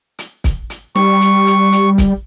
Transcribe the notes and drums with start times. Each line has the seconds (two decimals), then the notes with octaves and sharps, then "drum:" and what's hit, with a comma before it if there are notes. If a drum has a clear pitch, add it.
0.19 drum: hi-hat
0.44 drum: kick, hi-hat
0.70 drum: hi-hat
0.96 G3 C#6, drum: snare
1.21 drum: hi-hat
1.47 drum: hi-hat
1.72 drum: hi-hat
1.98 drum: kick, hi-hat